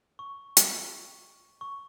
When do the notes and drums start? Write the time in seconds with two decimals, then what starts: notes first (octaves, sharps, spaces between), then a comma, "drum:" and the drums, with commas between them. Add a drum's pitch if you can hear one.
0.19 C#6
0.57 drum: hi-hat
1.61 C#6